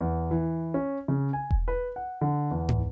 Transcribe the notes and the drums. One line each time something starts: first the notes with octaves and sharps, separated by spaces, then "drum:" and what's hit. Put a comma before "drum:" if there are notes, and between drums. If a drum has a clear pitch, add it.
E2
E3
C#4
C#3
G#5
drum: kick E1
B4
F#5
D3
E2
drum: tom G#2